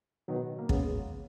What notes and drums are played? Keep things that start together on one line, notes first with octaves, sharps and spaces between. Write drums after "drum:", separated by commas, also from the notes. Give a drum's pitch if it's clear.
B2 D#3 F#3
A#3
C#3 G#3 B3, drum: kick